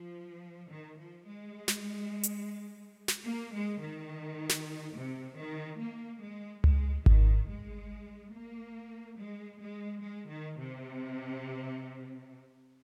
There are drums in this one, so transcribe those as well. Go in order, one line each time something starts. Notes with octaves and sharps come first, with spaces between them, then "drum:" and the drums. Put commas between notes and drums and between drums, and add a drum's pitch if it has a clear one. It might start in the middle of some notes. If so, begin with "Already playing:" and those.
Already playing: F3
D#3
F3
G#3
drum: snare
drum: hi-hat
drum: snare
A#3
G#3
D#3
drum: snare
C3
D#3
A#3
G#3
G#3, drum: tom C#2
D#3, drum: kick G#1
G#3
A#3
G#3
G#3
G#3
D#3
C3